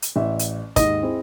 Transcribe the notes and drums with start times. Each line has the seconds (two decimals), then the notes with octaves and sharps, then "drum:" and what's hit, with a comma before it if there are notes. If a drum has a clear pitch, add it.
0.02 drum: hi-hat
0.16 A1 D5 E5
0.39 drum: hi-hat
0.76 D#2 G#2 D#5, drum: kick, hi-hat
1.03 C4 E4 G#4